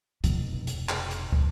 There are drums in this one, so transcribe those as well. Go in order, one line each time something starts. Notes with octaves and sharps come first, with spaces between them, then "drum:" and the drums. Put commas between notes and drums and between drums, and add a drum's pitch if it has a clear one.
F1 B2, drum: hi-hat
drum: hi-hat
drum: clap
drum: hi-hat
drum: kick